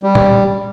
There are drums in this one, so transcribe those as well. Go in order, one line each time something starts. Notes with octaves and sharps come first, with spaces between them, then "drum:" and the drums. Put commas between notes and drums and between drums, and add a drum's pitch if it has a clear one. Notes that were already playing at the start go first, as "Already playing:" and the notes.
G3
drum: tom